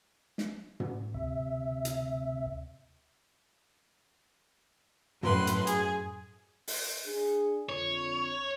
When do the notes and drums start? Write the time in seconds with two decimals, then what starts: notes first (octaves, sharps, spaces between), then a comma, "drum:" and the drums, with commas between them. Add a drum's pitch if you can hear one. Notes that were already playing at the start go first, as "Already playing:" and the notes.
0.38 drum: snare
0.80 drum: tom
1.14 D2 C3 E5
1.85 drum: hi-hat
5.23 F#2 A2 B4 C6, drum: tom
5.47 drum: hi-hat
5.67 G#4, drum: hi-hat
6.68 drum: open hi-hat
7.06 D4 G#4
7.69 F2 D3 C#5